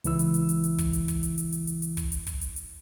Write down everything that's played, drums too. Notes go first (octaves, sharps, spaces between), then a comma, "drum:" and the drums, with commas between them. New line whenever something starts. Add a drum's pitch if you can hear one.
C#2 E3 E4 E6, drum: hi-hat
drum: hi-hat
drum: hi-hat
drum: hi-hat
drum: hi-hat
drum: kick, hi-hat
drum: hi-hat
drum: kick, hi-hat
drum: hi-hat
drum: hi-hat
drum: hi-hat
drum: hi-hat
drum: hi-hat
drum: kick, hi-hat
drum: hi-hat
drum: kick, hi-hat
drum: hi-hat
drum: hi-hat